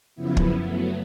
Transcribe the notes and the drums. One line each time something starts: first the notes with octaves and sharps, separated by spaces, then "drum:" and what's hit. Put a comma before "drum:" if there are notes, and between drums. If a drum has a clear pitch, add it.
F#2 C#3 F3 B3 E4
drum: kick
F#3 A3 B3